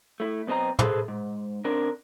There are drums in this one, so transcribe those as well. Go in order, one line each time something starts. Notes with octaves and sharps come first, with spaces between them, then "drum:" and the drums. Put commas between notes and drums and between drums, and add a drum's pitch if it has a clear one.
A3 E4
B1 B3 C4 G4 D#5 A#5
G#4 A4 B4 C5 E5, drum: tom
G#2
C#3 C4 D4 A#4